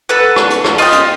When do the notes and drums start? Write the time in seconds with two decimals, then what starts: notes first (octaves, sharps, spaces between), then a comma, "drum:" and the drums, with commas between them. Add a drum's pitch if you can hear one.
0.09 A4 B4 F#5
0.36 drum: rim click
0.50 drum: hi-hat
0.64 drum: rim click
0.78 F4 G4 D#5, drum: open hi-hat
0.92 drum: hi-hat